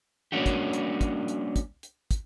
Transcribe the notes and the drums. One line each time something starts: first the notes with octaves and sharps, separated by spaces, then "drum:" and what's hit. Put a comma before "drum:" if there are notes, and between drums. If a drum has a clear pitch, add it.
G3 A#3 C#4 D4 F#4 G4
drum: kick, hi-hat
drum: hi-hat
drum: kick, hi-hat
drum: hi-hat
drum: kick, hi-hat
drum: hi-hat
drum: kick, hi-hat